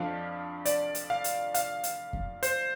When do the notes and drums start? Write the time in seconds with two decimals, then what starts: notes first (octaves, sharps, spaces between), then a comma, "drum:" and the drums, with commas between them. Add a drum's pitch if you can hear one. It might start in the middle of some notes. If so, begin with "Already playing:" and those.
Already playing: F2 F3 D4 F5
0.65 D5, drum: hi-hat
0.95 drum: hi-hat
1.10 F5
1.24 drum: hi-hat
1.54 F5, drum: hi-hat
1.84 drum: hi-hat
2.13 drum: kick F2
2.43 C5, drum: hi-hat